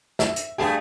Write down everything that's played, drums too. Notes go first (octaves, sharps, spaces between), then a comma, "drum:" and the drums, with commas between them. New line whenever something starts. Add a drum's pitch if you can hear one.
E5, drum: snare
drum: hi-hat
G2 A3 G#4 G5 A5